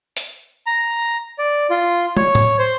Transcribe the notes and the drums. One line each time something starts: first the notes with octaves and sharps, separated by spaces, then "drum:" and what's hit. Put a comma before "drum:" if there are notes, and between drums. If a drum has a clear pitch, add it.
drum: hi-hat
A#5
D5
F4
C#5, drum: tom
drum: tom A2
C5